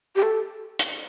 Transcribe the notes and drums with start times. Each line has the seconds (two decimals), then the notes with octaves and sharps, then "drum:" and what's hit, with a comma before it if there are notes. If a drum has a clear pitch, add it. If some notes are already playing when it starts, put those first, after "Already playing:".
0.16 G4
0.23 A4
0.79 drum: hi-hat